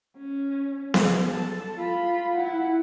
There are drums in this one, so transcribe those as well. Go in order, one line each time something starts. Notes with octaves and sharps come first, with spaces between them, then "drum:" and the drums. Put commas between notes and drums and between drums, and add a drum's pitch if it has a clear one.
C#4
G#4, drum: snare B3
A4 A5
F4 B5
E4 F#5